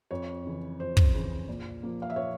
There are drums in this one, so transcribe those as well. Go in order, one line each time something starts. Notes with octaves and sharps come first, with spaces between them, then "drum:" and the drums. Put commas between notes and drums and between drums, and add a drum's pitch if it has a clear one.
F2 C#5
C#3 E3
F2 C5
drum: kick
C#3 E3
A#2
F3 A#3
F5
E5
A#2 C#5